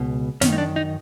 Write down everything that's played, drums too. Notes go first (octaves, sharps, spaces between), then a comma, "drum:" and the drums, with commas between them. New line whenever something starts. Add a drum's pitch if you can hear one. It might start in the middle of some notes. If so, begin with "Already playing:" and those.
Already playing: C#2 B2
F#2 D#3 C#4, drum: snare
D#4
D4
D#4